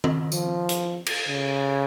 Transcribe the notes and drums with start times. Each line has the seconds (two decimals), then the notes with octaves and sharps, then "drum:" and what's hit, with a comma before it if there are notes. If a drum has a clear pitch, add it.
0.04 drum: tom D#3
0.32 F3, drum: tambourine
0.69 drum: hi-hat
1.06 drum: cymbal
1.29 C#3